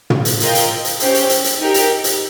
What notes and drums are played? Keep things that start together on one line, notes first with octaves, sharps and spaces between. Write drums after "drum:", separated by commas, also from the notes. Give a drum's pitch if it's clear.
drum: tom
drum: hi-hat
F4 A#4 D#5 G5, drum: hi-hat
drum: hi-hat
drum: hi-hat
C#4 G4 C5, drum: hi-hat
drum: hi-hat
drum: hi-hat
drum: hi-hat
D#4 G4 A#4
drum: hi-hat
drum: hi-hat